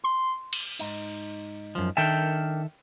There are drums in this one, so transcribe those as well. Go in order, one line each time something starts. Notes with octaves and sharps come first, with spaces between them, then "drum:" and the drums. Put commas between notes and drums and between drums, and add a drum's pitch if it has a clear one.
C6
drum: cymbal
G#2 D#4, drum: tambourine
F#2 F3
D#3 D4 A4 A#4 E5 G5